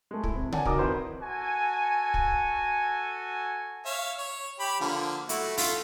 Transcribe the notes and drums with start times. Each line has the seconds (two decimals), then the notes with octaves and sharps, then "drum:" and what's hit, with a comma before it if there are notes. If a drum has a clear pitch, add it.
0.11 G#3 A3
0.24 E4, drum: kick
0.36 C3
0.52 C#5 D5 F#5 G#5 A5, drum: tom C#3
0.65 D#4 F#4 A#4 A#5 D6 D#6, drum: kick
0.79 F2 D#3 E4 B4 C5
1.22 F#4 A4 G#5
2.14 drum: kick
3.86 C#5 E5 F5
4.18 C#5
4.60 G4 B5
4.81 D3 F3 A#3
5.29 A3 E4 F#4, drum: hi-hat
5.57 A3 F4, drum: open hi-hat